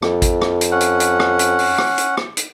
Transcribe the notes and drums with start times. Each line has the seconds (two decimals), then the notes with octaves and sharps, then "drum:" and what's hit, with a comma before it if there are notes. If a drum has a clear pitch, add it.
0.02 F2, drum: rim click
0.22 drum: kick, hi-hat
0.41 drum: rim click
0.61 drum: hi-hat
0.71 C#4 F#5
0.81 drum: hi-hat
1.00 drum: hi-hat
1.20 drum: rim click
1.39 drum: hi-hat
1.59 drum: open hi-hat
1.78 drum: rim click
1.98 drum: hi-hat
2.17 drum: rim click
2.37 drum: hi-hat